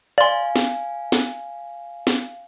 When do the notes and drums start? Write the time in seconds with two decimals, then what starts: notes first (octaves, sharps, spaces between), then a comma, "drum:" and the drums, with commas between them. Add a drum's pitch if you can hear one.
0.18 D5 F5 G#5 C6
0.56 drum: snare
1.12 drum: snare
2.07 drum: snare